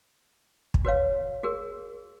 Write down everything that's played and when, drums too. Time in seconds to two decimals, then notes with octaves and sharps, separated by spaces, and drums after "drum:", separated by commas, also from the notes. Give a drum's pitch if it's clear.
0.74 drum: kick
0.85 F#4 B4 C#5 F5
1.43 F#4 G#4 A#4